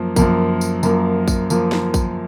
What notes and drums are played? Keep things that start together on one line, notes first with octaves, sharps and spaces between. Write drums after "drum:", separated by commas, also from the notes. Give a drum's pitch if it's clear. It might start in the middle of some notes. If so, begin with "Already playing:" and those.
Already playing: F#2 F3 A#3
F#2 F3 A#3, drum: kick, tambourine
drum: tambourine
F#2 F3 A#3, drum: tambourine
drum: kick, tambourine
F3 A#3, drum: tambourine
drum: snare
drum: kick, tambourine